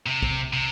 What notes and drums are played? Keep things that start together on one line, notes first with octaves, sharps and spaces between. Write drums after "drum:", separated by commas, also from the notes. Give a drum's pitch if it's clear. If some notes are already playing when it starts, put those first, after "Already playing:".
C3
drum: kick
C3